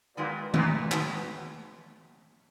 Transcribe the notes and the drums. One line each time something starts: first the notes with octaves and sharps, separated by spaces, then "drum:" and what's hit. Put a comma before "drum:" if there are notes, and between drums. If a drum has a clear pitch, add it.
A#2 D#3 G#3 B3 F#4
A#2 D#3 G#3 B3 F#4, drum: tom D#3
D#3 G#3 B3 F#4, drum: clap